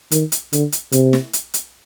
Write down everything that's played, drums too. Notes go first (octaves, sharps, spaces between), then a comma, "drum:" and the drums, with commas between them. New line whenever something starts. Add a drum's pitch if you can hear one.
D#3, drum: hi-hat
drum: hi-hat
D3, drum: hi-hat
drum: hi-hat
C3, drum: hi-hat
drum: snare
drum: hi-hat
drum: hi-hat